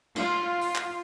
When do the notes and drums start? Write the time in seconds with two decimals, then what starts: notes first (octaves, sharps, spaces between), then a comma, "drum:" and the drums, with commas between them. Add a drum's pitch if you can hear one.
0.16 F4, drum: cymbal
0.62 drum: open hi-hat
0.75 drum: clap